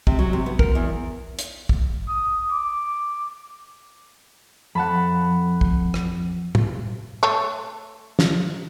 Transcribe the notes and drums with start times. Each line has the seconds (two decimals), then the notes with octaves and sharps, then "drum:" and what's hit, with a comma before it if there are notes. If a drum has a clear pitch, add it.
0.07 C3, drum: kick
0.19 F#3
0.33 C3
0.46 B3
0.59 A#4, drum: kick
0.75 E2
1.39 drum: hi-hat
1.69 drum: kick
2.08 D#6
2.51 D6
4.75 F2 F#5 A5 B5
5.61 drum: kick
5.94 drum: rim click
6.55 drum: tom
7.23 A3 A4 C#5
8.19 drum: snare